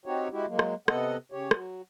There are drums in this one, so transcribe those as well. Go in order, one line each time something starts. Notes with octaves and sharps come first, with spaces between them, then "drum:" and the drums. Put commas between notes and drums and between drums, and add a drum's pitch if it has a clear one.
C4 D#4 F#4 G4 C#5
G#3 E4 F#4 G4
F#3 G#3 A#3
drum: rim click
C3 B3 A4 D#5 F#5, drum: rim click
C#3 G4 C#5
F#3, drum: rim click